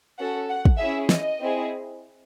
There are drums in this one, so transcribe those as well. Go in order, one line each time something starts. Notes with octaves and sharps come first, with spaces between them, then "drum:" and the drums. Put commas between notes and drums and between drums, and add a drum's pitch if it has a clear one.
C#4 F#4 A4 F#5
F#5
drum: kick
C#4 E4 G#4 E5
D#5, drum: snare
C4 E4 G#4